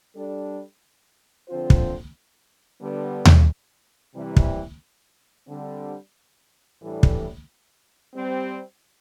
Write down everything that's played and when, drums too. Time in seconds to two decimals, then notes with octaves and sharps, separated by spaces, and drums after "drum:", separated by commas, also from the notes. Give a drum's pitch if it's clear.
0.15 G3 D4 A4
1.47 D3 F3 C4 F4 C5
1.70 drum: kick
2.81 D3 G3 B3
3.25 drum: tom D#2
4.14 C3 E3 G3
4.36 drum: kick
5.47 D3 G3 C4
6.81 A2 E3 G3 D4 A4
7.03 drum: kick
8.15 G3 C4 G4